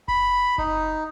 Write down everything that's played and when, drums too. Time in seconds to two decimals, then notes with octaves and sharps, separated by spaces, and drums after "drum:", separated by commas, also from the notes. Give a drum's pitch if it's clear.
0.08 B5, drum: kick F#1
0.58 D#4, drum: kick F#1